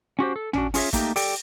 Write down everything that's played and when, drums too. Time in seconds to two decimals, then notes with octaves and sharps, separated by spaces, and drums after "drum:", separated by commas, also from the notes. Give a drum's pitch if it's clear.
0.19 C#4 F#4 G4 C5
0.36 A4
0.53 C#4 D4 F#4, drum: tom
0.74 C#4 F4 G#4 C#5 E5, drum: open hi-hat
0.93 A3 A#3 D#4 G4, drum: kick, hi-hat
1.16 G4 A4 D5 G5, drum: open hi-hat